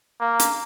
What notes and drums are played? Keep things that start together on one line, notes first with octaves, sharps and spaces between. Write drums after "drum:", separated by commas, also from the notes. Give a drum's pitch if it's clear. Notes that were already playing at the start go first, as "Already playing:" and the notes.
A#3
drum: hi-hat